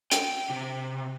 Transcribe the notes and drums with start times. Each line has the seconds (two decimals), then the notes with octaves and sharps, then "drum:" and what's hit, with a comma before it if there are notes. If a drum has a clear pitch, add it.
0.12 G5, drum: hi-hat
0.50 C3